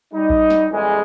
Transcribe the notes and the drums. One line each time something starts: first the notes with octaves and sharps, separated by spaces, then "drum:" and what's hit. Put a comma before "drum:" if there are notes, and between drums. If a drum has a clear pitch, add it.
G3 D#4
drum: kick A1
drum: snare
A1 E2 E3 G3 G#3